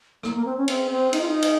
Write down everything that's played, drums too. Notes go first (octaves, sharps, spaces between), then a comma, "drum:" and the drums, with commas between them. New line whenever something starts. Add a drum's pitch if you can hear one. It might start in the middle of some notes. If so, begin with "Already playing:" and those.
A#3, drum: rim click
A#3
C4
C#4
C4, drum: cymbal
C4
D#4, drum: cymbal
F4
D#4
drum: cymbal